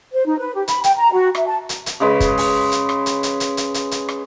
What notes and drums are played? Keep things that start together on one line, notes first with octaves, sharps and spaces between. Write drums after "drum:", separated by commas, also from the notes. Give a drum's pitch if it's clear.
C5
D#4
B4
G4
B5, drum: hi-hat
G5, drum: hi-hat
A#5
F#4
E5, drum: rim click
A5
drum: hi-hat
drum: hi-hat
C#3 G#3 B4
drum: kick, hi-hat
drum: open hi-hat
drum: hi-hat
drum: rim click
drum: hi-hat
drum: hi-hat
drum: hi-hat
drum: hi-hat
drum: hi-hat
drum: hi-hat
drum: rim click